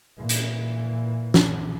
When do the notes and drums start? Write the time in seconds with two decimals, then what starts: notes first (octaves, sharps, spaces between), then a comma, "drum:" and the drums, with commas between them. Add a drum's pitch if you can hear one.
0.18 A#2 E3
0.29 drum: hi-hat
1.34 drum: snare